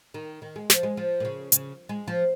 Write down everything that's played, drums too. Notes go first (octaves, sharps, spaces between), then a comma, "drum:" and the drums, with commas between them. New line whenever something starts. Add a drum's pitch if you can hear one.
D#3
D#3
G#3
F3, drum: snare
G#3
F3
A#2
C#3
C#3, drum: hi-hat
G#3
F3